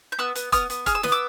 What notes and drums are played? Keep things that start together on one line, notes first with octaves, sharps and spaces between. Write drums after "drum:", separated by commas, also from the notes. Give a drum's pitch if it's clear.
G6
B3 E6 F#6
B3, drum: hi-hat
B3 D#6 F6, drum: kick E1, hi-hat
B3, drum: hi-hat
G#4 F6, drum: kick E1, hi-hat
E6
B3 D#6, drum: snare
D6 E6